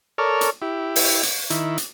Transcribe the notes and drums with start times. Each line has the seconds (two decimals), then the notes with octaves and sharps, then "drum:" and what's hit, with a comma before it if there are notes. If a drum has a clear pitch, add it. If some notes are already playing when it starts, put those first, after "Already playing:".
0.18 A4 A#4 C#5 D5 F6
0.41 drum: hi-hat
0.62 E4 G4
0.96 drum: open hi-hat
1.23 drum: hi-hat
1.50 D#3 E4, drum: hi-hat
1.78 drum: hi-hat